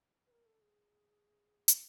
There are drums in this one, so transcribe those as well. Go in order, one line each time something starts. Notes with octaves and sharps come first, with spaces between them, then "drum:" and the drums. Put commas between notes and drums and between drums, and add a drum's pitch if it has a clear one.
B4
A#4
A4
G#4
drum: hi-hat